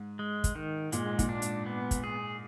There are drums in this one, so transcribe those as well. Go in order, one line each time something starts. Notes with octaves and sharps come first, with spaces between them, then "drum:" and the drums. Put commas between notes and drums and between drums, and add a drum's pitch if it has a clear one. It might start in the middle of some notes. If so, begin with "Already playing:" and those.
Already playing: G#2
G#3
drum: kick, hi-hat
D#3
A#2 G#3, drum: hi-hat
G#2
A#2, drum: kick, hi-hat
D4
drum: hi-hat
B3
drum: kick, hi-hat
G#4